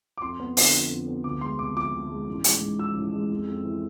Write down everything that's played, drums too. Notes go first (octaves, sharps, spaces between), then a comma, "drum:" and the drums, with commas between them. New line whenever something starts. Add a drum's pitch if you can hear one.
D6
F2 C6
B3
D3, drum: open hi-hat
F3
F2
B3
D2 D6
G#3 C6
C3 D6
F3 D6
D2
G#3
A1
G#3, drum: hi-hat
G#2
F3 E6
A1
G#3
F2
F2
E3